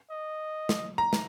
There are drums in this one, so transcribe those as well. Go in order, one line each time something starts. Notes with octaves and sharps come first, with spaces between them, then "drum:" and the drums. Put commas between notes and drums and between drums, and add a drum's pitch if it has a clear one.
D#5
drum: snare
A#5
drum: snare